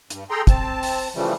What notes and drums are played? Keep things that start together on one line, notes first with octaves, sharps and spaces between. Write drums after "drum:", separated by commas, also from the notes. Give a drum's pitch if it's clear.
G2, drum: hi-hat
G#4 A4 G5 A#5 C6
C4 A5, drum: kick, hi-hat
drum: open hi-hat
C#3 E3 F3 G3 A3